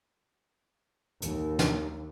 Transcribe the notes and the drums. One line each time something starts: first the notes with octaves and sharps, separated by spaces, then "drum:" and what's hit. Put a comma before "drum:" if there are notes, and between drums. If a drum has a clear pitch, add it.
D#2, drum: hi-hat
drum: snare